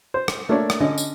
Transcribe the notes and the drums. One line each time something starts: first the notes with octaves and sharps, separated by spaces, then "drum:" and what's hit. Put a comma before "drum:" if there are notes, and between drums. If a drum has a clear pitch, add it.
C5
drum: rim click
A3 A#3 D4 C#5 D5
drum: rim click
D3 C#4 D#5
drum: tambourine